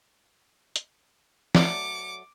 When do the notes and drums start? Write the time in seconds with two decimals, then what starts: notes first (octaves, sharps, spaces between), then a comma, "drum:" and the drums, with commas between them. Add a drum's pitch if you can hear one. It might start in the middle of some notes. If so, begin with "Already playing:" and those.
0.76 drum: hi-hat
1.55 F#3 A3 D5 D6 C#7, drum: snare